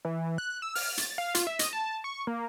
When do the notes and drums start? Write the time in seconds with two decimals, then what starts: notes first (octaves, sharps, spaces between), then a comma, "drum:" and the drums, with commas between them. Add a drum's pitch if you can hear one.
0.05 E3
0.38 F#6
0.62 E6
0.75 F6, drum: open hi-hat
0.97 A6, drum: hi-hat
1.18 F5
1.35 F4, drum: hi-hat
1.47 E5
1.59 D#5, drum: hi-hat
1.73 A5
2.04 C#6
2.27 A#3